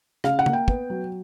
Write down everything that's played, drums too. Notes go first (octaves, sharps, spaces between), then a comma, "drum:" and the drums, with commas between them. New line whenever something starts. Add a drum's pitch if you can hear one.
C#3 F5, drum: rim click
F#5
A#3, drum: tom
G5
B3, drum: kick
F#3